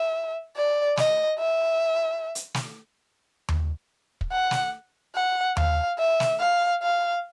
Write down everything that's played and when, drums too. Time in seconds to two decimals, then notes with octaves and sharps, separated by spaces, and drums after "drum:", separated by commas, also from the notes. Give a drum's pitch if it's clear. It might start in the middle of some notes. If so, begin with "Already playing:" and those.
Already playing: E5
0.56 D5
0.97 D#5, drum: snare
1.39 E5
2.35 drum: hi-hat
2.54 drum: snare
3.49 drum: tom D#2
4.21 drum: kick
4.32 F#5
4.51 drum: snare
5.15 F#5
5.57 F5, drum: tom D#2
5.98 E5
6.20 drum: snare
6.40 F5
6.82 F5